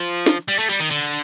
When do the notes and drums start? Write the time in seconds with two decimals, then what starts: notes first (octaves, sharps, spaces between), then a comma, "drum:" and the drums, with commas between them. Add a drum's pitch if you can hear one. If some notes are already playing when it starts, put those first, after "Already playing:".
Already playing: F3
0.26 drum: snare
0.48 G3, drum: cymbal
0.59 A3
0.69 G3, drum: cymbal
0.80 D#3
0.90 D3, drum: cymbal